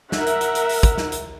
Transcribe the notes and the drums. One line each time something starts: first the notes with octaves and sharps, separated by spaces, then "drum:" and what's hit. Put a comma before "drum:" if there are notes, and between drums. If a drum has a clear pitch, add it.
A#4 E5 F#5, drum: snare
drum: hi-hat
drum: hi-hat
drum: hi-hat
drum: open hi-hat
drum: kick, hi-hat
drum: snare
drum: hi-hat